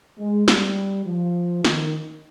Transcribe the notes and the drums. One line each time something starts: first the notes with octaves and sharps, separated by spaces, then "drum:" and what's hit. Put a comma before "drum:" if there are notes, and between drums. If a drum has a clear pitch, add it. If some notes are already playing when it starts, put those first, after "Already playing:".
G#3
G3, drum: snare
F3
D#3, drum: snare